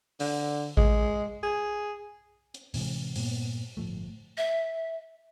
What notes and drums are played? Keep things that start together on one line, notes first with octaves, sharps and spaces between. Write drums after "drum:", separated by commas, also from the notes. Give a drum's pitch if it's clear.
D3, drum: open hi-hat
G#3, drum: kick A1
G#4
drum: hi-hat
A2 C3 E3 G#3, drum: open hi-hat
G2 A#2 B3, drum: open hi-hat
G1 A2 F3 A3
E5